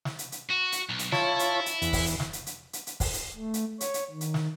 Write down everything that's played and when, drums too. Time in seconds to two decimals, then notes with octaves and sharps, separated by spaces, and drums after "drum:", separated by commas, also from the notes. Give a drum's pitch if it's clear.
0.05 drum: snare
0.19 drum: hi-hat
0.32 drum: hi-hat
0.50 F#4
0.72 drum: hi-hat
0.89 B1
0.99 drum: hi-hat
1.12 E4 F4 C#5 A5, drum: snare
1.39 drum: hi-hat
1.66 drum: hi-hat
1.82 E2, drum: hi-hat
1.93 drum: kick, open hi-hat
2.06 drum: hi-hat
2.20 drum: snare
2.33 drum: hi-hat
2.46 drum: hi-hat
2.73 drum: hi-hat
2.87 drum: hi-hat
3.00 drum: kick, open hi-hat
3.13 drum: hi-hat
3.36 A3
3.54 drum: hi-hat
3.80 C#5, drum: hi-hat
3.94 drum: hi-hat
4.11 D#3
4.21 drum: hi-hat
4.34 drum: snare